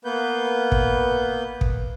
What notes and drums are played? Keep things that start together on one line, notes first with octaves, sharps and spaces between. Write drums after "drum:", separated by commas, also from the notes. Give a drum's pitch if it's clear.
A#3 B3 B4 G6
drum: kick
drum: kick